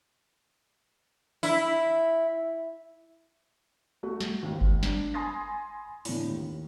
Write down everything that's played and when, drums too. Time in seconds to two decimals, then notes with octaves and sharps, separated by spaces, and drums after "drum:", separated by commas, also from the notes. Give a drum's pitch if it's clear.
1.43 E4, drum: tambourine
4.03 A3 F#4
4.20 drum: snare
4.43 D#2 G#2
4.61 drum: kick G1
4.83 D4, drum: snare
5.14 G#5 B5 C6 D#6 A6 A#6
6.05 A2 D3, drum: open hi-hat
6.29 D#2